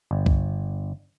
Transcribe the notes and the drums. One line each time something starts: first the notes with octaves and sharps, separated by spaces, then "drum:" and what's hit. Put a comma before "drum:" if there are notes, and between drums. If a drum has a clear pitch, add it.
G1
drum: kick C2